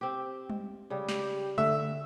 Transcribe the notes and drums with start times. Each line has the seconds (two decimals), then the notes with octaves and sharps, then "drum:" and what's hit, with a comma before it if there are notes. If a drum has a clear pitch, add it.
0.01 C4 G4
0.50 drum: tom G3
0.90 C#3 G3
1.09 G4, drum: snare
1.58 D3 A3 F#4 E5